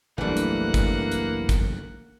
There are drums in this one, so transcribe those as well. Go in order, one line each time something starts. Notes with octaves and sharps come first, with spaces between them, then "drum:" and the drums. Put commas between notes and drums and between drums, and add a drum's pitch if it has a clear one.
F#1 B1 E3 G3 A3 A#3 D4 F#5
drum: hi-hat
drum: kick, hi-hat
drum: hi-hat
drum: kick, hi-hat